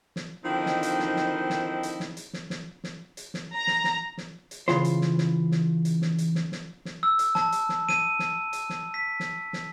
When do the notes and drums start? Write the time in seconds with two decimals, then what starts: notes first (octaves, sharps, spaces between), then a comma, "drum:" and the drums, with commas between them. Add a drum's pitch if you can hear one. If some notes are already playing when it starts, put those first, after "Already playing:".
0.16 drum: snare
0.45 D3 D#3 F3 C4 D#4 E4
0.66 drum: snare
0.83 drum: hi-hat
1.00 drum: snare
1.16 drum: snare
1.50 drum: snare
1.83 drum: hi-hat
2.00 drum: snare
2.17 drum: hi-hat
2.33 drum: snare
2.50 drum: snare
2.84 drum: snare
3.17 drum: hi-hat
3.34 drum: snare
3.54 A#5
3.67 drum: snare
3.84 drum: snare
4.18 drum: snare
4.51 drum: hi-hat
4.68 C#3 E3 F4 C5, drum: snare
4.85 drum: hi-hat
5.01 drum: snare
5.18 drum: snare
5.51 drum: snare
5.85 drum: hi-hat
6.02 drum: snare
6.18 drum: hi-hat
6.35 drum: snare
6.52 drum: snare
6.85 drum: snare
7.03 E6
7.19 drum: hi-hat
7.35 A5, drum: snare
7.52 drum: hi-hat
7.69 drum: snare
7.89 D#7, drum: snare
8.19 drum: snare
8.53 drum: hi-hat
8.70 drum: snare
8.94 B6
9.20 drum: snare
9.53 drum: snare